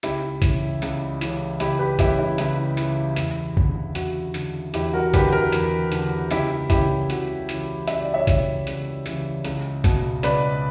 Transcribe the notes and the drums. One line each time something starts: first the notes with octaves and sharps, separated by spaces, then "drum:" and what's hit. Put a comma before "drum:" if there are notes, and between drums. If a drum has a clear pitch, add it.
C#2 E4 G4, drum: hi-hat
C#3 E3, drum: kick, hi-hat
C#2, drum: hi-hat
C#3 E3, drum: hi-hat
C#2 E4 G4, drum: hi-hat
G4 B4
C#3 E3 E4 G4, drum: kick, hi-hat
E4
C#2 E4, drum: hi-hat
C#3 E3, drum: hi-hat
E2, drum: hi-hat
D3, drum: kick
E2 F#4, drum: hi-hat
D3, drum: hi-hat
E2 E4 G4, drum: hi-hat
F#4 A#4
D3 G4 B4, drum: kick, hi-hat
F#4 A#4
E2, drum: hi-hat
D3, drum: hi-hat
C#2 E4 G4, drum: hi-hat
C#3 E3 E4 G4, drum: kick, hi-hat
C#2 F#4, drum: hi-hat
C#3 E3, drum: hi-hat
C#2 E5, drum: hi-hat
D5
C#5 E5
C#3 E3, drum: kick, hi-hat
C#2, drum: hi-hat
C#3 E3, drum: hi-hat
C#2, drum: hi-hat
B2, drum: kick, hi-hat
C#2 B4 D5, drum: hi-hat